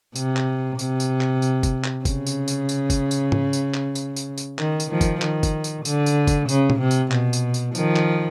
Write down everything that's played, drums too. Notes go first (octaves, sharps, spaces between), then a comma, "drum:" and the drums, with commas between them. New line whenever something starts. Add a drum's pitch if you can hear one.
C3, drum: tambourine
drum: clap
C3, drum: tambourine
drum: tambourine
drum: clap
drum: tambourine
drum: kick, tambourine
drum: clap
C#3, drum: kick, tambourine
drum: tambourine
drum: tambourine
drum: tambourine
drum: kick, tambourine
drum: tambourine
drum: tom G#2
drum: tambourine
drum: clap
drum: tambourine
drum: tambourine
drum: tambourine
D#3, drum: clap
drum: tambourine
D#3 F3
drum: kick, tambourine
D#3, drum: clap
drum: kick, tambourine
drum: tambourine
D3, drum: tambourine
drum: tambourine
drum: kick, tambourine
C#3, drum: tambourine
drum: tom
C3
drum: tambourine
B2, drum: clap
drum: tambourine
drum: tambourine
D#3 F3, drum: tambourine
drum: clap